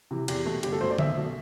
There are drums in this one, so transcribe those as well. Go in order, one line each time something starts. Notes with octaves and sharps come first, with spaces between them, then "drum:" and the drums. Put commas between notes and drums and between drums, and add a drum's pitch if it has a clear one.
C3 E3
E2 G4, drum: cymbal
B2 A3
G1 G4, drum: cymbal
A4
F#2 F#3 A3 C5
D5
B1 E5, drum: tom D3
B2 A3